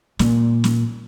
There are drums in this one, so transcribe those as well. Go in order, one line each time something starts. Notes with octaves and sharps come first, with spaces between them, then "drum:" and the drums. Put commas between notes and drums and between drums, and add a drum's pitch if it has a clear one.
A#2, drum: snare
drum: snare